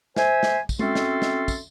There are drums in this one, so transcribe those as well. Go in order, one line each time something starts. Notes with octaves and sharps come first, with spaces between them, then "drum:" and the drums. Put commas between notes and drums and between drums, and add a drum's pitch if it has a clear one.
C5 E5 G#5, drum: snare
drum: snare
drum: kick, tambourine
C4 C#4 F#4 A4 E5 C6, drum: tom G#3
drum: snare
drum: snare
drum: kick, tambourine